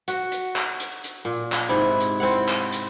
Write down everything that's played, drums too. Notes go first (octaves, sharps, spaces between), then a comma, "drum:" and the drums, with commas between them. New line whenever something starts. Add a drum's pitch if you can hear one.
F#4, drum: hi-hat
drum: hi-hat
drum: clap
drum: hi-hat
drum: hi-hat
A#2
drum: clap
G#2 C3 E4
drum: hi-hat
C4 E4 F#5
drum: clap
drum: hi-hat